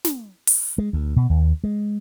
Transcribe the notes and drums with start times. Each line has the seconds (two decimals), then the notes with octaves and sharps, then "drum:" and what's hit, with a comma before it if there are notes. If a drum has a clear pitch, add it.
0.05 drum: snare
0.47 drum: open hi-hat
0.78 G#3
0.93 D2
1.16 B2
1.29 D#2
1.64 G#3